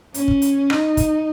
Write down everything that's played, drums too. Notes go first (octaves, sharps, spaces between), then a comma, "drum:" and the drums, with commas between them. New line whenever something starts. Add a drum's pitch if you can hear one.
C#4, drum: hi-hat
drum: kick
drum: hi-hat
D#4, drum: rim click
drum: kick, hi-hat